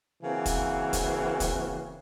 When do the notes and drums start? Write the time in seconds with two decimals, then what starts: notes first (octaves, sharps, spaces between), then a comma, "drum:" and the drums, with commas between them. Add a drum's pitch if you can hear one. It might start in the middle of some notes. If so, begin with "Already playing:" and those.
0.22 C#3 E3 A#3 C4 F#4
0.46 drum: kick, hi-hat
0.93 drum: kick, hi-hat
1.40 drum: kick, hi-hat